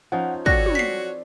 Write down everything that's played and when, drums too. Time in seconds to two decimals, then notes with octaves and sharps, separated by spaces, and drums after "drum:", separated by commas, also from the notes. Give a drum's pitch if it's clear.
0.12 F3 C#4 D#4 F#5
0.46 C4 F#4 A4 C#5 D5 F#6 A#6, drum: kick
0.66 drum: tom
0.75 B6 C7